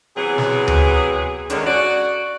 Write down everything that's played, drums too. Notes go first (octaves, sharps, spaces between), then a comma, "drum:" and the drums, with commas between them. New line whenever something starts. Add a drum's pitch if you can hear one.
C3 E3 F#3 B3 G#4
drum: snare
drum: tom D2
F#2 D3 D#3 G#3 C#4 D4, drum: hi-hat
F#4 D5